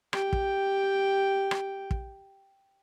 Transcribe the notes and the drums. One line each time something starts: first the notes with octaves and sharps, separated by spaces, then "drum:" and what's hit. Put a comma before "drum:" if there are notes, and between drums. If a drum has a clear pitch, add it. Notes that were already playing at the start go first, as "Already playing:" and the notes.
G4 G5, drum: rim click
drum: kick
drum: rim click
drum: kick